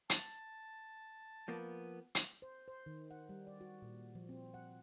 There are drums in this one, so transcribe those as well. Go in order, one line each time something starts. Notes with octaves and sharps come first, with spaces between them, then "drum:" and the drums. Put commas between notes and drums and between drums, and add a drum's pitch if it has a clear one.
A5, drum: hi-hat
F3 A#3 B3
drum: hi-hat
C5
C5
D#3
F#5
G3
D5
F#4
A#2
F3
C4
F#5